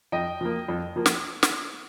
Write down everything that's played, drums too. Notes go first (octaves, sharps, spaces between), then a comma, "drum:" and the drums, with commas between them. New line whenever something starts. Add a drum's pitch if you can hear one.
F2 D#5 G5
F3 A#3
F2
F3 A#3
drum: snare
drum: snare